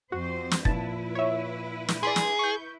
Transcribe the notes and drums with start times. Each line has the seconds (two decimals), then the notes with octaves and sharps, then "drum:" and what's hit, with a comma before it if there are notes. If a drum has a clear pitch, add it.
0.12 F2 C4 F#4 C5
0.51 drum: snare
0.65 A#2 F3 E4 B4 A5, drum: kick
1.15 C#5 E5
1.88 drum: snare
2.03 G#4 D5 B5 C6
2.16 drum: snare
2.39 C#6 G6